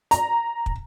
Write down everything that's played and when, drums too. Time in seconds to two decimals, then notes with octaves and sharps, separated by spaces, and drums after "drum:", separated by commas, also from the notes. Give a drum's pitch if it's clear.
0.11 A#5, drum: hi-hat
0.66 drum: kick